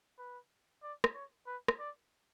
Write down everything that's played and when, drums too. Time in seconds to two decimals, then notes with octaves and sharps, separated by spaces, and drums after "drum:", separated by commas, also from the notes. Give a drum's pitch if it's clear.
0.19 B4
0.83 D5
1.04 drum: rim click
1.14 C#5
1.47 B4
1.68 drum: rim click
1.80 D5